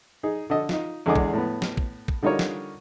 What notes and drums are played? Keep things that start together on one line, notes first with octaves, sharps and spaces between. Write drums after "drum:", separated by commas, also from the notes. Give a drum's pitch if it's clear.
D#4 G#4
D3 A4 D#5
D#4 F4, drum: snare
E2 D3 G#3 G#4 D#5 D6
drum: kick
A2 B3
drum: snare
drum: kick
drum: kick
D3 G3 D#4 F4 A#4 C#5
drum: snare